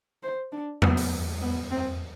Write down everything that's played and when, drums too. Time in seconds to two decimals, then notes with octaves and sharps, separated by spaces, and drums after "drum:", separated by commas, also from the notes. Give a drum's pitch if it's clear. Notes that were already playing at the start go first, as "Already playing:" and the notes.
0.23 C5
0.52 D4
0.82 B3, drum: tom E2
0.97 drum: open hi-hat
1.42 B3
1.71 C4